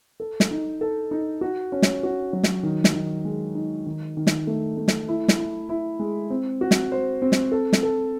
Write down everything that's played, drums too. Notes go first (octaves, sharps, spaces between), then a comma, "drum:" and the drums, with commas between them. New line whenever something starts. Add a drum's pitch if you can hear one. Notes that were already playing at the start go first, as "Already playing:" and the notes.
A4
drum: snare
D#4
A4
D#4
F#4
C#4
drum: snare
F#4
F#3
drum: snare
D#3
drum: snare
D#3
G#3
D#4
D#3
D#3
drum: snare
A3
A3
drum: snare
E4
drum: snare
E4
E4
G#3
C4
F#4
drum: snare
C5
C4
drum: snare
A4
drum: snare
A4